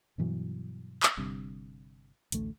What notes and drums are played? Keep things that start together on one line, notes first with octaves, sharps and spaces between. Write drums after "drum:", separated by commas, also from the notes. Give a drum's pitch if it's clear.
G2 B2 E3 F#3
drum: clap
G1 G2 C3
A1 D2 A3, drum: hi-hat